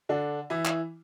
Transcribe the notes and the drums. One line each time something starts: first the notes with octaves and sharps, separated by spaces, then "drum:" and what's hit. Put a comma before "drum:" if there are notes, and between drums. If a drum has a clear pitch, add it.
D3 D4
E3 E4
drum: clap